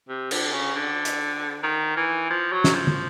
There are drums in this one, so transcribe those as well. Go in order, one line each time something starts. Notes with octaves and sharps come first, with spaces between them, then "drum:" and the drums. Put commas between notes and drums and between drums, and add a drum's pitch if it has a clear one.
C3
D3, drum: cymbal
C#3
D3
drum: hi-hat
D#3
E3
F3
F#3
drum: snare
F3
drum: tom